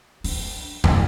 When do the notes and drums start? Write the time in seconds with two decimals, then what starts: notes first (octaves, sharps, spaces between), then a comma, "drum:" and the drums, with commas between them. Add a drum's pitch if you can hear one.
0.24 D4, drum: open hi-hat
0.84 B1 F#2, drum: tom E2